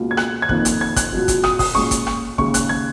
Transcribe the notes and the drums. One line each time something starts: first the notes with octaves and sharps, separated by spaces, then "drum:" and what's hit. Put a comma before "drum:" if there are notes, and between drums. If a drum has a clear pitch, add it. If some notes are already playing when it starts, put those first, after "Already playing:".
Already playing: C#2 B2 A#3
G#6
F#6, drum: rim click
G#6
F2 D#3 A#3 D#4 F#6, drum: kick
drum: hi-hat
G#6
F#6, drum: kick, hi-hat
C#2 B2 F#3
drum: kick, hi-hat
D#6, drum: rim click
D#6, drum: kick, open hi-hat
A#2 G#3 C#4 C#6
drum: kick, hi-hat
drum: rim click
D#2 C#3 G#3 C#6, drum: kick
F#6, drum: hi-hat
G#6